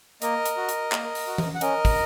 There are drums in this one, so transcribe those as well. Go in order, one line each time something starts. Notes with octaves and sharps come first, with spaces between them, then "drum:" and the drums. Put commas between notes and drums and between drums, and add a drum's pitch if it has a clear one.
A#3 A#4 D#5, drum: hi-hat
drum: hi-hat
F#4
drum: hi-hat
A#3, drum: clap
drum: open hi-hat
F#4
drum: tom E3
F#5
C#4 A#4 D#5, drum: hi-hat
drum: kick, open hi-hat